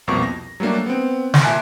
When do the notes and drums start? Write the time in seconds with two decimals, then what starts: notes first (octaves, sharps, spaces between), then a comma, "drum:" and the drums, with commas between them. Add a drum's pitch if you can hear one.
0.07 C2 F2 B2 A#3 C#6
0.23 A#6
0.60 F#3 G3 A3 A#3 D4
0.86 B3 C4
1.34 drum: snare
1.43 A#2 E5 G#5 A5 F#6 D7